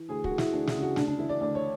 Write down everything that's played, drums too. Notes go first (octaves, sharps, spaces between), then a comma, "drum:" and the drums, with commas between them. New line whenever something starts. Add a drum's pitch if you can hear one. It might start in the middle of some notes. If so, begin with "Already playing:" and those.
Already playing: E3
D2 G#4
F#4, drum: kick
E3
E4, drum: snare
D2 D4
E4, drum: snare
C#3
F#4
D2 D4, drum: snare
D4
E3 E4
D5
D2 D5
C#5